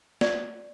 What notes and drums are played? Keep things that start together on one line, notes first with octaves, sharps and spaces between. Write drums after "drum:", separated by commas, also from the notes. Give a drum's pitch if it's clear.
D5, drum: snare